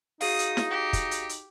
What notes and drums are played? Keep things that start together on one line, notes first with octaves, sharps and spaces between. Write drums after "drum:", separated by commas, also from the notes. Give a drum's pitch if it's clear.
D#4 F#4 G#4 F5 D#6, drum: open hi-hat
drum: hi-hat
drum: snare
G4
drum: kick, hi-hat
drum: hi-hat
drum: hi-hat